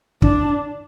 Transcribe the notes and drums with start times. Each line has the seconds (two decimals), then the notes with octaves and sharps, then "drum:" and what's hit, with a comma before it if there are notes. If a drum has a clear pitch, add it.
0.22 D4, drum: kick